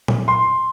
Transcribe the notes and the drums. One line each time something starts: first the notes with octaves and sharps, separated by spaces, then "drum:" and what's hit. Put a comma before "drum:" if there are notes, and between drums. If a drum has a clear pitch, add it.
drum: tom A#2
C6